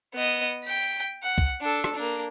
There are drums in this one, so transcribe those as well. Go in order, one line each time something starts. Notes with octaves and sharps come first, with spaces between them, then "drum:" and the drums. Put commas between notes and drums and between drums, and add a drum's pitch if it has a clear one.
B3 D#5
G5 B6
F#5
drum: kick
D4 A4
drum: rim click
A#3 D4